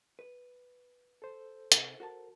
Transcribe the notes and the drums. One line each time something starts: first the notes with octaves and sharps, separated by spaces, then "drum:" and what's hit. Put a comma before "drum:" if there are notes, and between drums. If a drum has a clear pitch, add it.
B4
A4 C5
C3, drum: hi-hat
F#4 A#4 A5